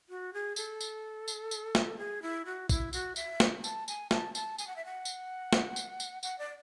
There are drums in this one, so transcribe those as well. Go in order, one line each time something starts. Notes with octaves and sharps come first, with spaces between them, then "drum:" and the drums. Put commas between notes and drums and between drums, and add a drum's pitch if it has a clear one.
F#4
G#4
A4, drum: tambourine
drum: tambourine
drum: tambourine
drum: tambourine
drum: snare
G#4
E4
F#4
E4, drum: kick, tambourine
F#4, drum: tambourine
E5, drum: tambourine
drum: snare
A5, drum: tambourine
G#5, drum: tambourine
A5, drum: snare
A5, drum: tambourine
G#5, drum: tambourine
F#5
E5
F#5
drum: tambourine
drum: snare
drum: tambourine
drum: tambourine
F#5, drum: tambourine
D5